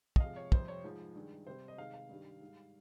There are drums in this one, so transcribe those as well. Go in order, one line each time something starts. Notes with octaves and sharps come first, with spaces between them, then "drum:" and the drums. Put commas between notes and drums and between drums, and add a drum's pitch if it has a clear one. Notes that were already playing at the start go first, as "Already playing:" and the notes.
D#5, drum: kick
C3 F3 G#3 F5
C#5
F2 C3 G3 C5, drum: kick
C#5
G#2 F3 G#3
G2 D#3 G#3
C3 G3 C5
D#5
C3 D#3 G#3 F5
F5
G2 D#3 G3
G#2 G3